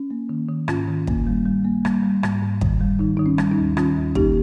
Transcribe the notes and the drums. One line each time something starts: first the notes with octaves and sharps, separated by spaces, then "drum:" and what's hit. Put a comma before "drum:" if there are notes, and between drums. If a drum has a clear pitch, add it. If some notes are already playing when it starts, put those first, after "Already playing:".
Already playing: C#4
A#3
D#3
D#3
G#2 C#4 F4, drum: rim click
D#3
A#3, drum: kick
G3
G3
A#3
G3, drum: rim click
G3
G#2, drum: rim click
G#2
D#3, drum: kick
G3
D#3 D#4
D#3 D#4
C#4
G3, drum: rim click
D#4
D#2
D#3 C#4 F4, drum: rim click
D#2
A#3 D#4 G4, drum: kick